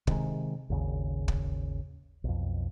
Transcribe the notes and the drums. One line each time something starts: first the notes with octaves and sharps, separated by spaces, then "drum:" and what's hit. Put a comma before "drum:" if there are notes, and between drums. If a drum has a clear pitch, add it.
C3 D#3 G3 G#3, drum: kick
G#1 D#2 C#3
drum: kick
B1 F2